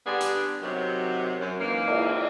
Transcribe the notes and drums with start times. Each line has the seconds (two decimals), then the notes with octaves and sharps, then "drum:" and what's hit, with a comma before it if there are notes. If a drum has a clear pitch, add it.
0.06 D3 G3 B3 D4 G#4
0.21 drum: hi-hat
0.63 C3 D#3 F#3
1.40 F#2
1.61 G#2 E3 A#3
1.88 drum: cymbal